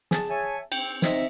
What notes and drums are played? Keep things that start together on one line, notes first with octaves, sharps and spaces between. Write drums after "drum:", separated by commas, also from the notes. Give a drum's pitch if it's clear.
G#4 A5, drum: snare
C#5 E5 G#5
C4 G5, drum: cymbal
C4 D#4 D#5 E5, drum: snare